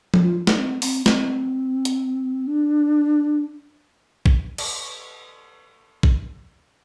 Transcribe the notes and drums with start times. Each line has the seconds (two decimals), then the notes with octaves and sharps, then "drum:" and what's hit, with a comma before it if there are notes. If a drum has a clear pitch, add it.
0.14 drum: tom F3
0.23 F4
0.47 D#4, drum: snare
0.59 C4
0.82 C4, drum: open hi-hat
1.06 C4, drum: snare
1.85 drum: hi-hat
2.47 D4
4.26 drum: kick
4.58 drum: cymbal
6.03 drum: kick